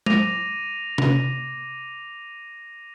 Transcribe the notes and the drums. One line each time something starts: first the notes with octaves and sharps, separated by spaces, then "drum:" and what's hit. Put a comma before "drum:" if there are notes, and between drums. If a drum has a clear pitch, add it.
D6 A#6 D#7 F7, drum: tom G#3
drum: tom C3